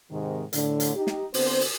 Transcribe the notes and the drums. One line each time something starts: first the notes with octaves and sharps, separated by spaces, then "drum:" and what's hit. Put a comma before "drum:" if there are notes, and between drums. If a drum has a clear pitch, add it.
G#2 C3 D#3
A2 D3, drum: hi-hat
drum: hi-hat
D#4 G4
drum: snare
D3 B3 C4 C5, drum: open hi-hat
drum: open hi-hat